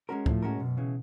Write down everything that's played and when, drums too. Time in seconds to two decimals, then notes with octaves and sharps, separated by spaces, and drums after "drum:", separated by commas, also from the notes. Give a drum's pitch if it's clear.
0.09 G#3 C#4 F#4 A#4
0.26 A2 F3, drum: kick
0.42 G#3 C#4 F#4 A#4
0.60 F#2 B2
0.77 C#3 E3